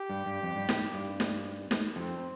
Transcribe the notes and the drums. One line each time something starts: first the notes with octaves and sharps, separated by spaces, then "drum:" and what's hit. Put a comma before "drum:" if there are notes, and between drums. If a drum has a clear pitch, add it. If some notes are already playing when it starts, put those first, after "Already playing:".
Already playing: G4
G2
G2
F2
G2
A2, drum: snare
G2
drum: snare
drum: snare
F2 C4